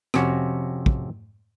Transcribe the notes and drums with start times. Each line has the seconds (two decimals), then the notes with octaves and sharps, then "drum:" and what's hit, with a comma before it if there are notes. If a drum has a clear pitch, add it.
0.14 F2 C3 C#4 F#4, drum: rim click
0.86 drum: kick